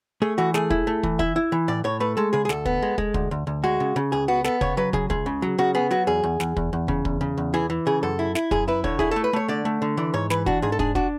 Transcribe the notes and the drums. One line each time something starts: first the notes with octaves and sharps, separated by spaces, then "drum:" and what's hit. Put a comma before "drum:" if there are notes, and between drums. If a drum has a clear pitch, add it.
A3 G#4
E3 F#4
A3 G#4, drum: snare
E4, drum: kick
A3
E3, drum: kick
E4 E5, drum: kick
E4
E3
A2 D5
A2 C#5
A3 B4
G#3 A4
C#3 G#4
G#4
D2 A4, drum: snare
B3, drum: kick
G#3
G#3, drum: kick
D2, drum: kick
D2
D2
G#3 F#4
C#3
C#3
C#2 G#4
B3 F#4
B3 A4, drum: snare
C#3 C#5, drum: kick
F#3 B4
C#3 G#4, drum: kick
C#2 G#4, drum: kick
C#3
F#3
C#3 F#4
B3 G#4
F#3 F#4
E2 G#4
E2
E2, drum: snare
E2, drum: kick
E2
C#3, drum: kick
E2, drum: kick
C#3
E2
E3 G#4
E3
C#3 G#4
F#2 A4
E4
E4, drum: snare
F#2 G#4, drum: kick
E4 B4
D3 C#5, drum: kick
E4 G#4, drum: kick
A3 A4
B4
A3 C#5
D3 D5
A3
D3
E3 D5
G#2 C#5
E3 B4, drum: snare
D4 F#4, drum: kick
G#2 G#4
A4
D4 G#4, drum: kick
D4 F#4, drum: kick